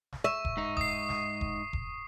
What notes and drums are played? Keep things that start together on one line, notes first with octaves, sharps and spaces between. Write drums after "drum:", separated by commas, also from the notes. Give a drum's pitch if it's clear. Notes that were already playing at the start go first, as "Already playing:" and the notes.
drum: snare
E5 C#6
drum: kick E1
G#2 D#4
D#6 C7, drum: kick E1
drum: snare
drum: kick E1
drum: kick E1